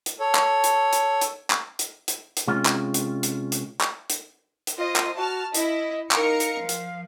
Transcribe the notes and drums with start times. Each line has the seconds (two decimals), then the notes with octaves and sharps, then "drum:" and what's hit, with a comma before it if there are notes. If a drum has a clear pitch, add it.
0.06 drum: hi-hat
0.20 A4 C#5
0.35 drum: clap
0.64 drum: hi-hat
0.93 drum: hi-hat
1.21 drum: hi-hat
1.50 drum: clap
1.79 drum: hi-hat
2.08 drum: hi-hat
2.37 drum: hi-hat
2.48 C3 G#3 C#4 F4
2.66 drum: clap
2.94 drum: hi-hat
3.23 drum: hi-hat
3.52 drum: hi-hat
3.81 drum: clap
4.10 drum: hi-hat
4.67 drum: hi-hat
4.78 F4 C5 D#5
4.96 drum: clap
5.17 F#4 A5 F6
5.54 E4 D#5, drum: hi-hat
6.11 D#4 A#4 F5 C#7, drum: clap
6.40 drum: hi-hat
6.60 F3
6.69 drum: hi-hat